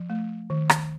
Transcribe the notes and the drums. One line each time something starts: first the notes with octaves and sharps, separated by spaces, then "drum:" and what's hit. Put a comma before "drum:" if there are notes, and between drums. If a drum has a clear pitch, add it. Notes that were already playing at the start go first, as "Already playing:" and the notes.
Already playing: F3
A3
D#3
drum: rim click